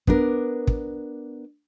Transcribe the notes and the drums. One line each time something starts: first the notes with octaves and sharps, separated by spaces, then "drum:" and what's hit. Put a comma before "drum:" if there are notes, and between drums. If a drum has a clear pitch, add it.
B3 D4 A#4, drum: kick
drum: kick